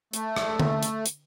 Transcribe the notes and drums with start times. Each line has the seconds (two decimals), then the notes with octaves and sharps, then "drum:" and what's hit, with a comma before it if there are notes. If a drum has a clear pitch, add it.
0.13 A3, drum: hi-hat
0.36 drum: rim click
0.60 drum: tom D3
0.83 drum: hi-hat
1.06 drum: hi-hat